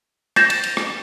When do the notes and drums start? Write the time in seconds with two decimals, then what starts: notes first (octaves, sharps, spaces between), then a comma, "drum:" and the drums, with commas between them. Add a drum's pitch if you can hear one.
0.36 G6 A6 A#6 E7, drum: rim click
0.50 drum: cymbal
0.63 drum: cymbal
0.77 drum: rim click